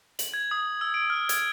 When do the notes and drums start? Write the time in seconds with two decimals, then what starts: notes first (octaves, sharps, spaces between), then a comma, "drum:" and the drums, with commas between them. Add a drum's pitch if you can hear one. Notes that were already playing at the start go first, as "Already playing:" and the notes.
0.19 F#7, drum: hi-hat
0.34 G#6
0.51 D#6
0.81 E6
0.94 D7
1.10 F6
1.29 G#6, drum: hi-hat